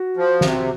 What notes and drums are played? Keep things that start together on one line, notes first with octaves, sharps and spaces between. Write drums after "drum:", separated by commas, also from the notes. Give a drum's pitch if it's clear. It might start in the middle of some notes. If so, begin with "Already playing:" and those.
Already playing: F#4
F3
C3, drum: snare